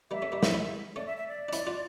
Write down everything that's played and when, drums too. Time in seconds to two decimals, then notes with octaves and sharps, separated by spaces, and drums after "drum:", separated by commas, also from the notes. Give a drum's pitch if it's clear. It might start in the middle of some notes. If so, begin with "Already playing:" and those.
0.11 G3 A#3 E5
0.22 A3 C#4
0.32 G3 A#3
0.43 C#4 E4, drum: snare
0.53 C#4 E4
0.96 A3 C#4 D5
1.06 E5
1.17 E5
1.28 D5
1.49 D4
1.53 C#4 E4, drum: hi-hat
1.67 D4 F4